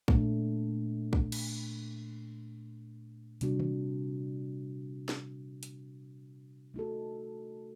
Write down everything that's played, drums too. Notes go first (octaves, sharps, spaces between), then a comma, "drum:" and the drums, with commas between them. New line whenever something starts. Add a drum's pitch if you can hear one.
A#2 A3 D4, drum: kick
drum: kick
drum: cymbal
C3 G3 D4 F#4, drum: hi-hat
drum: tom
drum: snare
drum: hi-hat
A3 D#4 F#4 A4